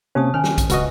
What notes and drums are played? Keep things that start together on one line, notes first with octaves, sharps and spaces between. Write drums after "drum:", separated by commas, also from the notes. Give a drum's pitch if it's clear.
C3 A#3 C#4 C5 A5 D#6
D#3 C#4 C#5 G#5 F6
drum: snare
drum: kick A#1, hi-hat
D1 C#2 F4 F#4 B4 D#5 E5, drum: hi-hat